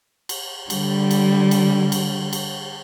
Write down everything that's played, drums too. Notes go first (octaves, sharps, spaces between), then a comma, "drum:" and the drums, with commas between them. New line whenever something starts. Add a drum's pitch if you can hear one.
drum: cymbal
D3 G3, drum: cymbal
drum: cymbal
drum: cymbal
drum: cymbal
drum: cymbal